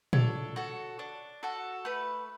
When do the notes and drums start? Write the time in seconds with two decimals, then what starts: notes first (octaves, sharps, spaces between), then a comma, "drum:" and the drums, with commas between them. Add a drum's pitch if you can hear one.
0.13 D4 A4 C#5, drum: tom A#2
0.56 F#4 A4
0.99 D4
1.43 F#4 A4
1.85 A3 B4